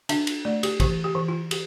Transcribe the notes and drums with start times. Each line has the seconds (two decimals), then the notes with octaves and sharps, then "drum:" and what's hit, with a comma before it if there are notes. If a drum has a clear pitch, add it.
0.09 D4 E5, drum: cymbal
0.27 drum: cymbal
0.45 A3 D5
0.63 G4, drum: cymbal
0.80 E3 G4, drum: kick, cymbal
1.04 G4
1.15 E3
1.28 F4
1.51 G4, drum: cymbal